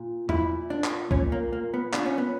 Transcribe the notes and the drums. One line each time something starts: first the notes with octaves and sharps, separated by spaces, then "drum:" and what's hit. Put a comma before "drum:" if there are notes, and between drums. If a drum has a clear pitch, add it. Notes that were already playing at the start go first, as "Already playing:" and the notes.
Already playing: A#2
A#2 E4, drum: tom E2
D4
drum: clap
A#2 C#4, drum: kick B1
A#3
A#3
B3
A#2 D4, drum: clap
C#4
B3